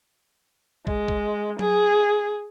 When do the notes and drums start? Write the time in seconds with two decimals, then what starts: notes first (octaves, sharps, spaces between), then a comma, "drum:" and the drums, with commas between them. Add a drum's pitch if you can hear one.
0.87 G#3, drum: kick
1.08 drum: kick
1.59 G#4, drum: tom F#3